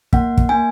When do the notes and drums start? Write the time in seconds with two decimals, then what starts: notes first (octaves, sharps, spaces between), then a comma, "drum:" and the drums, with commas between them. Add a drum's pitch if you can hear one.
0.13 A#3 F#5, drum: kick
0.38 drum: kick
0.49 A#3 G#5